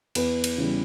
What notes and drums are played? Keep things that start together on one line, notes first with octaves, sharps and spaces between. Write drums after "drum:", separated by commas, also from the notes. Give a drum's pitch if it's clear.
E2 B4, drum: cymbal
drum: cymbal
C#3 E3 G3